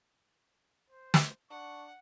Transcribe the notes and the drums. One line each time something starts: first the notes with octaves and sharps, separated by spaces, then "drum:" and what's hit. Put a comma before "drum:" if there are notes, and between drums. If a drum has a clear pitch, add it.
C5
drum: snare
D4 F#5 C#6